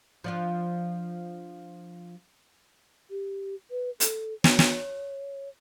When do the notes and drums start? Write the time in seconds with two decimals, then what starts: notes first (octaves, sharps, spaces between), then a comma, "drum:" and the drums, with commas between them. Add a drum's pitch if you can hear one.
0.24 F3 D4 F4
3.10 G4
3.71 B4
4.00 A4, drum: hi-hat
4.44 C#5, drum: snare
4.59 drum: snare